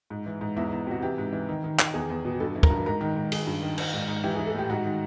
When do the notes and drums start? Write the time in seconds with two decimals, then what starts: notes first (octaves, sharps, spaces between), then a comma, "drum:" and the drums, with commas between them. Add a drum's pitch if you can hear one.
0.10 G#2
0.26 E3
0.41 G#2
0.56 E2 E4
0.68 E4
0.73 E2
0.87 C3 F#4
1.02 E3 G4
1.18 G#2
1.33 E3
1.49 D#3
1.64 D#3
1.79 D#3, drum: clap
1.94 E2 G#4
2.10 E2
2.25 B2
2.40 G2 A4
2.56 E3
2.63 A#4, drum: kick
2.70 G2
2.86 G#2 A#4
3.01 D#3
3.16 G#2
3.32 D#3 G#4, drum: cymbal
3.47 G2
3.63 D#3
3.78 D#3, drum: cymbal
3.93 G#2
4.08 G#2
4.23 E3 G4
4.35 G#4
4.39 E3
4.46 A4
4.54 A2 G4
4.70 G#2 F#4
4.85 D#3